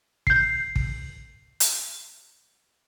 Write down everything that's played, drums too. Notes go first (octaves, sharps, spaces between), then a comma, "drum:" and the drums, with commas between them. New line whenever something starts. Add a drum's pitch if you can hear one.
G6 C7, drum: kick
drum: kick
drum: hi-hat